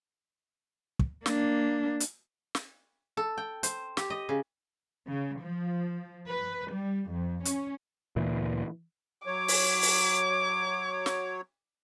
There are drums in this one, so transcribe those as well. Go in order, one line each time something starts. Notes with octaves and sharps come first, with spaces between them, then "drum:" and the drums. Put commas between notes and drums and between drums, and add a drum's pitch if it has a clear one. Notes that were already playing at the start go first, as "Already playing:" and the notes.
drum: kick
A#3 D4, drum: snare
drum: hi-hat
drum: snare
A4
G5
C5, drum: hi-hat
G4, drum: snare
D#5
C#3
C#3
F3
B4
G3
F2
C#4, drum: hi-hat
D2 A#2 E3
F#3 C#5 D6
drum: open hi-hat
drum: open hi-hat
drum: snare